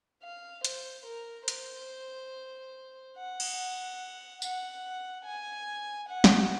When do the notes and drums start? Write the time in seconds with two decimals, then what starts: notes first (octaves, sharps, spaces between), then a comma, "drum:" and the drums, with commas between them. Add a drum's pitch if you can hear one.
0.23 F5
0.65 C5, drum: hi-hat
1.06 A#4
1.48 C5, drum: hi-hat
3.16 F#5
3.40 drum: cymbal
3.58 F#5
4.42 F#5, drum: tambourine
5.25 G#5
6.09 F#5
6.24 drum: snare